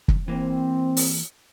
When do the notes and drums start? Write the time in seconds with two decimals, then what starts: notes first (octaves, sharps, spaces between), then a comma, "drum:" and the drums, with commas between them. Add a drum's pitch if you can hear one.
0.08 drum: kick
0.28 E3 A#3 C4
0.97 drum: open hi-hat